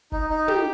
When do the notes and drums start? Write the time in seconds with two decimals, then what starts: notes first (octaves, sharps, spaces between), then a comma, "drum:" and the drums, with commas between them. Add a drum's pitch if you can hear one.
0.12 D#4, drum: kick F#1
0.30 D#4
0.48 G4, drum: tom